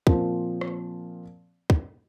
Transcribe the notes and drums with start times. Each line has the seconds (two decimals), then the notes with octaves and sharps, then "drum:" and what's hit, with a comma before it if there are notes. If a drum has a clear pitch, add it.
0.07 A#2 F3 C4, drum: kick
0.61 drum: rim click
1.70 drum: kick